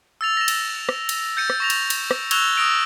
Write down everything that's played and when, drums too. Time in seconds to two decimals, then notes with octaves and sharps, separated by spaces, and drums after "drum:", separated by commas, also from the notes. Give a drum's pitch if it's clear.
0.21 E6 A6 F7
0.37 A#6 E7
0.48 drum: cymbal
0.89 drum: rim click
1.09 drum: cymbal
1.37 G6 A6 C#7 D#7
1.50 drum: rim click
1.60 C#6 A#6 F7
1.70 drum: cymbal
1.90 drum: cymbal
2.11 drum: rim click
2.31 C#6 E6 F#6 G#6 F7 G7, drum: cymbal
2.56 D#6 E6 A#6 D7 F7